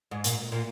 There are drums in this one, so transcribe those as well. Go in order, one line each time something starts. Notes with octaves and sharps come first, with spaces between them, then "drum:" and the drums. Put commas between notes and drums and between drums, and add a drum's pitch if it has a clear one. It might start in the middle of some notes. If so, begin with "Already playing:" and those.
G#2
A#2, drum: hi-hat
A#2